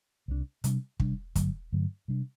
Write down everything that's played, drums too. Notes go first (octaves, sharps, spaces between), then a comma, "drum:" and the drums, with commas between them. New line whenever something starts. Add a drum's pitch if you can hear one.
C2 C3 G3 D4
C3 G3 D4, drum: hi-hat
C3 G3 D4, drum: kick
G2 D3 F#3 A3, drum: kick, hi-hat
G2 D3 F#3 A3
C3 G3 D4